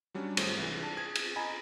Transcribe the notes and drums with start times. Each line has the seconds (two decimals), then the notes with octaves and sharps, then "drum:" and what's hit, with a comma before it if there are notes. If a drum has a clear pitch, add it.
0.14 F#3 G3 C#4 D4
0.37 G#1 A3 G#4 C5 C#5, drum: cymbal
0.57 C2 E3
0.81 D4 A5
0.97 G#4 G#6
1.15 drum: cymbal
1.36 D#5 G#5 A#5 B5